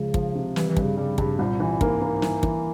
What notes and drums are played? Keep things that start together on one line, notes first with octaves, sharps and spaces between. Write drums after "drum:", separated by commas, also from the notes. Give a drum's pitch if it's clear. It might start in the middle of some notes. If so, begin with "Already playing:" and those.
Already playing: C#2 C#3 F3
F3, drum: kick
C3
E3 G3, drum: snare
E3
G2, drum: kick
C#3
C#3 G3
G2 C#3, drum: kick
C2 A#2
E3
G#2 A#3, drum: kick
A#3
E3, drum: snare
E3, drum: kick